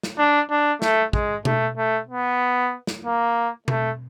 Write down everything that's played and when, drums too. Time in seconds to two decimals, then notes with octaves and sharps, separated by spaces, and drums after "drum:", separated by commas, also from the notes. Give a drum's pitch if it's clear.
0.03 drum: snare
0.18 D4
0.50 D4
0.82 A3, drum: snare
1.13 G#3, drum: kick
1.45 A3, drum: tom B2
1.77 A3
2.09 B3
2.87 drum: snare
3.05 A#3
3.68 A3, drum: tom B2